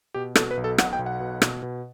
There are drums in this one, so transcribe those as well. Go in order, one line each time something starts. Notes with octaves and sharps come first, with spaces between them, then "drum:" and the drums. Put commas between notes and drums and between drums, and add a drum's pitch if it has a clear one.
B2 G4
B2 A4, drum: rim click
B4
B1
A4
B2 F#5, drum: rim click
G5
B1
F#5
B2
B2, drum: rim click
B2